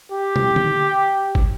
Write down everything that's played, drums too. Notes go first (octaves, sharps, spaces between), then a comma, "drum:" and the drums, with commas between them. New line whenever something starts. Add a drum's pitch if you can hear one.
G4
drum: tom
drum: tom D3
drum: kick